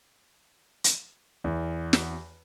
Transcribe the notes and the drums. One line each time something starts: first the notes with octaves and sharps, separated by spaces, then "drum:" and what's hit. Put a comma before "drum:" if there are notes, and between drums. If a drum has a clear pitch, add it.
drum: hi-hat
E2
drum: snare